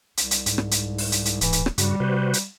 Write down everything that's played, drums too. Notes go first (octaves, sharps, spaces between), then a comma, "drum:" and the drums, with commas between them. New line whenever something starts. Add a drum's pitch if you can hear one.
C2, drum: hi-hat
drum: hi-hat
G#2, drum: hi-hat
drum: rim click
drum: hi-hat
drum: open hi-hat
drum: hi-hat
drum: hi-hat
D1 E3, drum: hi-hat
drum: hi-hat
drum: rim click
G2 C#3 G3 F#4, drum: hi-hat
C3 F#4 B4 C5
drum: hi-hat